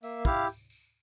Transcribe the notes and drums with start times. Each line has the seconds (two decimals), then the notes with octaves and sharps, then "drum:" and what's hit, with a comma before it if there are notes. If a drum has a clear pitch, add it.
0.03 A#3 E5, drum: tambourine
0.25 E4 G4 F5, drum: kick, tambourine
0.48 drum: tambourine
0.70 drum: tambourine